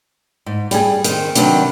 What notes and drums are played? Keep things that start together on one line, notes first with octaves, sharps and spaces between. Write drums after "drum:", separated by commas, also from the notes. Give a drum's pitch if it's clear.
G#2
G3 G#4, drum: hi-hat
D#3 C4, drum: hi-hat
C3 D#3 F#3 B3 D4, drum: hi-hat